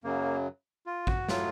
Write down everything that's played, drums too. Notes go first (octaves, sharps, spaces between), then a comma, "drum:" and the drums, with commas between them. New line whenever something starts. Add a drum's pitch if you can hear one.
F#2 C#3 F#3 A#3
F4
F#4, drum: kick A1
A2 F#3 F4, drum: snare